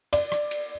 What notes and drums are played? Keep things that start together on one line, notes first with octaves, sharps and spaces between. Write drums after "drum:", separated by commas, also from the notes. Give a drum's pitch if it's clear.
D5, drum: cymbal
drum: rim click
drum: cymbal